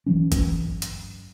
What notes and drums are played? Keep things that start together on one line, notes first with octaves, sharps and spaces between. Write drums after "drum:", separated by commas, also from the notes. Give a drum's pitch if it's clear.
G1 E3 F#3 C#4
drum: kick G1, hi-hat
drum: hi-hat